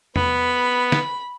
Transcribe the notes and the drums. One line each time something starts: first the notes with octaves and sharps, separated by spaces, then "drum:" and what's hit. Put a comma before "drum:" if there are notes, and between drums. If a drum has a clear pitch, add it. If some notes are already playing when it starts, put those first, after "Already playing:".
B3 B5, drum: tom E2
drum: snare